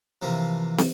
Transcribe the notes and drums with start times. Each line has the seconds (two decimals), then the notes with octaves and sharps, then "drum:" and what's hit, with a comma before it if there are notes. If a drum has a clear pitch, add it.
0.22 C3 E3 F3 A#3
0.78 drum: snare